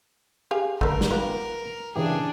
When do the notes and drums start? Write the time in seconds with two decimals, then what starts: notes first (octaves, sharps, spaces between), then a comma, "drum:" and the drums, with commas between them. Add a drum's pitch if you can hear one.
0.51 G4 G#4 F5
0.81 D3 A3 A#3 A#4 B4, drum: kick
1.01 drum: snare
1.11 B3 F4 G4
1.96 C#3 E3 D4 G4 G#4